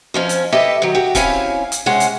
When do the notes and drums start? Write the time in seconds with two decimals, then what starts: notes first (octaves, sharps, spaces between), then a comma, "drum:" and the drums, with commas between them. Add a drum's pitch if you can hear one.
0.14 F2 F3 C#4
0.29 drum: hi-hat
0.52 G4 A4 B4 D#5 E5
0.82 D#3 F#3
0.95 F#4 G4
1.15 C4 C#4 E4 C#5 F5 G#5, drum: kick C#1, hi-hat
1.72 drum: hi-hat
1.86 C3 G#3 C#4 F#5
2.00 drum: hi-hat